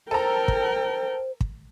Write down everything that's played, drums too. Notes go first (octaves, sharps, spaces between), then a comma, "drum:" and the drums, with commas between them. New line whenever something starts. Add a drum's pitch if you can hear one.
A4 A#4 C5 G5 A#5
drum: kick
drum: kick